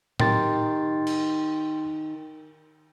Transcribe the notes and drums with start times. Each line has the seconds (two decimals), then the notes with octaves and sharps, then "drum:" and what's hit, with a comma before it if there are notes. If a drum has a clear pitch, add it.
0.20 D#3 D#4 G4 G5 C6 A6, drum: tom A2
1.07 drum: cymbal